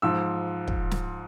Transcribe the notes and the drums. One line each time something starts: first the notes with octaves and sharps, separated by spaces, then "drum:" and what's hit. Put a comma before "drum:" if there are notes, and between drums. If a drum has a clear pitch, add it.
G#2 F3 E6
drum: kick
drum: snare